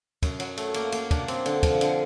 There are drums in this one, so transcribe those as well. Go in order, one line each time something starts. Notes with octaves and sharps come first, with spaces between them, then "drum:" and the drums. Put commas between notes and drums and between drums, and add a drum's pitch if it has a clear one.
F#2, drum: kick, cymbal
F#3, drum: cymbal
A3, drum: cymbal
A#3, drum: cymbal
A#3, drum: cymbal
D4, drum: kick, cymbal
C4, drum: cymbal
D3, drum: cymbal
F3, drum: kick, cymbal
D3, drum: cymbal